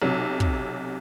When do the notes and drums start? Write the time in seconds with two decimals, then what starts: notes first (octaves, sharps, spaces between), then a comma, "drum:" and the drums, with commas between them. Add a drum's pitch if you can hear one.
0.02 B1 C3 F#3
0.40 drum: kick